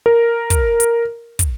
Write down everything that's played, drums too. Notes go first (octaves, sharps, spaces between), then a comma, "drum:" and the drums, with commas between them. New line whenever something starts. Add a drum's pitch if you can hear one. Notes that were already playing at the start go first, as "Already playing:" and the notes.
A#4
drum: kick, hi-hat
drum: hi-hat
drum: kick, hi-hat